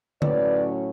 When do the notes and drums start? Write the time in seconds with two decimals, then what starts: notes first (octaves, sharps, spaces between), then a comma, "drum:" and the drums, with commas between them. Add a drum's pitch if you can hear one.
0.22 A2 F#3 C#4 B4 D5, drum: tom D3